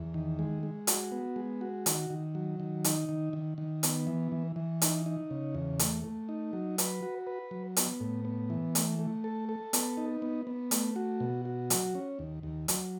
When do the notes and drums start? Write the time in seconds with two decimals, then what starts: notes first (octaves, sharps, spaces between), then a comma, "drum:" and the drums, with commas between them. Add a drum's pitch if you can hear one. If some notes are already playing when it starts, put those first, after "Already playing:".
Already playing: E2
0.14 D#3
0.39 G#3
0.63 G#3
0.87 F#4, drum: hi-hat
1.12 B3
1.36 G#3
1.61 F#4
1.86 D#3, drum: hi-hat
2.10 D#3
2.35 F#3
2.60 D#3
2.84 D#4, drum: hi-hat
3.09 D#3
3.33 D#3
3.58 D#3
3.83 B3, drum: hi-hat
4.07 E3
4.32 E3
4.56 E3
4.82 D#4, drum: hi-hat
5.06 D#4
5.31 C#3
5.55 E2
5.79 A3, drum: hi-hat
6.04 A3
6.29 D#4
6.53 F#3
6.78 B4, drum: hi-hat
7.03 F#4
7.27 B4
7.51 F#3
7.76 B3, drum: hi-hat
8.00 A2
8.25 B3
8.50 E3
8.75 A3, drum: hi-hat
8.99 A3
9.24 A4
9.49 A4
9.73 B3, drum: hi-hat
9.97 D#4
10.22 B3
10.47 B3
10.71 A3, drum: hi-hat
10.96 F#4
11.20 B2
11.45 F#4
11.70 F#3, drum: hi-hat
11.95 C#4
12.19 D#2
12.43 D#2
12.68 F#3, drum: hi-hat